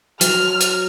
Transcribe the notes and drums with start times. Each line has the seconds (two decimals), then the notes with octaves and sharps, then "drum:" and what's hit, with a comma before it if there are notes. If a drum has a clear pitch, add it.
0.21 F#3 F6, drum: hi-hat
0.61 drum: hi-hat